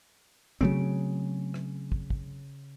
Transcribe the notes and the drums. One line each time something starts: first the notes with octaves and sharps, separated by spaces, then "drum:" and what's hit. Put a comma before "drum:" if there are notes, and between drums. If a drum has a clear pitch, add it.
C#3 F#3 A3 C4 D7, drum: kick
drum: rim click
drum: kick
drum: kick